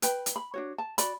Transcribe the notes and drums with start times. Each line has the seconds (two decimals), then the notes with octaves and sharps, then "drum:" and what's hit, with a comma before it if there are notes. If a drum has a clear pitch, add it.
0.02 B4 G5 B5, drum: hi-hat
0.26 drum: hi-hat
0.36 B5
0.54 D4 F#4 C#5
0.78 A5
0.98 F#4 D5 B5, drum: hi-hat